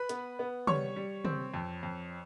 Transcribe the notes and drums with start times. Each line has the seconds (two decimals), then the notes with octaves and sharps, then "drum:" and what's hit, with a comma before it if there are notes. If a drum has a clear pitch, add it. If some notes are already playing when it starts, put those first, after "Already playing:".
Already playing: B4 B5
0.09 B3, drum: hi-hat
0.39 B3
0.67 G3 C#5 C#6, drum: tom
0.96 G3
1.25 C4, drum: tom
1.54 F2
1.83 F2